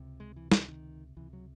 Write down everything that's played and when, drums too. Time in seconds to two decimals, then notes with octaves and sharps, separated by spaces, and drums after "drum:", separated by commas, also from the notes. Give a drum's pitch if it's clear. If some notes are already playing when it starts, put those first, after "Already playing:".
Already playing: C#2 C3
0.20 G#3
0.36 E3
0.52 E3, drum: snare
0.68 D#3
1.16 C#2 C3 E3
1.33 F#3